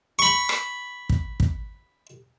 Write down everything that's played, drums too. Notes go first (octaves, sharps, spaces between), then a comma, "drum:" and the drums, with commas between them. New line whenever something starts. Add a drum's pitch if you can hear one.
B5 C#6
drum: rim click
drum: kick
drum: kick